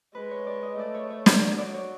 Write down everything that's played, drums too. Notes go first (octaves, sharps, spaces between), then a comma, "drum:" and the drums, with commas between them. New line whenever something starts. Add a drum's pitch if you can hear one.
G#3 B4
C#5
D5
D#5
A3 D5
C#5
C#5
C#5, drum: snare
F#3 D5
D5
C#5